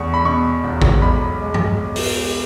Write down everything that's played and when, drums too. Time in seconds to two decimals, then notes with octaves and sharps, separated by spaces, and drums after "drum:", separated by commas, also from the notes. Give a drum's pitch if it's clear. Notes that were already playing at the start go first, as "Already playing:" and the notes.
Already playing: E2 A3 C#6
0.14 B5
0.25 B2 C#6
0.63 E1
0.82 drum: kick A1
1.02 B1 B5
1.40 G#3
1.54 drum: tom G2
1.96 drum: open hi-hat